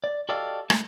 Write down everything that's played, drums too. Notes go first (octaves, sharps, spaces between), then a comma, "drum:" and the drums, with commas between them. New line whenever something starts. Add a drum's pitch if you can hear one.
D5
F#4 G4 A4 D5 D#5 F5
G#3 A3, drum: rim click